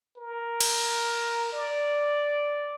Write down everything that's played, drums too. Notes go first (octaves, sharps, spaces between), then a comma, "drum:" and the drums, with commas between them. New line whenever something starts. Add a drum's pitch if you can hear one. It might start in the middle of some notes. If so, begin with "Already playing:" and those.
A#4
drum: cymbal
D5